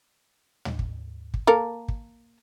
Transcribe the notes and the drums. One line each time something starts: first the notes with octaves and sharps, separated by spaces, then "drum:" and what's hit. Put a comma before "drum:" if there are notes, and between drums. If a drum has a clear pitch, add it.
drum: tom
drum: kick
drum: kick
A#3 A4 A#4
drum: kick